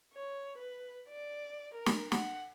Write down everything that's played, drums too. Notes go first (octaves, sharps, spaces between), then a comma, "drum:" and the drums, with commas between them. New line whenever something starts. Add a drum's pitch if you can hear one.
C#5
B4
D5
A#4
drum: snare
F#5, drum: snare